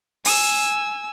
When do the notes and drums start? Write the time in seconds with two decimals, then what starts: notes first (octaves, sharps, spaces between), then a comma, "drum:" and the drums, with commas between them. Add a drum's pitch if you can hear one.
0.25 G#5 E6, drum: open hi-hat